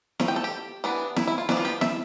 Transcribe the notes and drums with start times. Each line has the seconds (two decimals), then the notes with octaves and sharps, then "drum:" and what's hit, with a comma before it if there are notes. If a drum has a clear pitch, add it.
0.20 F3 A3, drum: snare E4
0.28 G5
0.36 A4
0.44 G4
0.84 E3 B3 D4
1.16 E4, drum: snare E4
1.27 E4
1.38 F4
1.49 F3 B3 D4 E4, drum: snare E4
1.57 F4
1.65 G4
1.81 E5, drum: snare E4